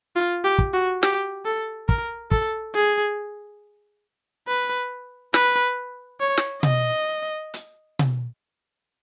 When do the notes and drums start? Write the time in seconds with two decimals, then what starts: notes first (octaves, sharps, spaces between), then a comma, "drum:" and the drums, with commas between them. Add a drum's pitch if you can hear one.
0.16 F4
0.44 G4
0.59 drum: kick
0.73 F#4
1.03 G4, drum: snare
1.45 A4
1.89 A#4, drum: kick
2.31 A4, drum: kick
2.75 G#4
4.48 B4
5.34 B4, drum: snare
6.20 C#5
6.37 drum: snare
6.63 D#5, drum: tom B2
7.54 drum: hi-hat
7.99 drum: tom B2